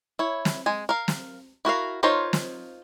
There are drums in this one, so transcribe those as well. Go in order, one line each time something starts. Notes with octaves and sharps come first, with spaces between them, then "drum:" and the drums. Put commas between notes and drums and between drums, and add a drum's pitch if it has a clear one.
E4 C#5
drum: snare
G#3 G#5
A#4 F5
drum: snare
E4 F#4 A#4 F5
D#4 F4 A#4 C5 C#5
drum: snare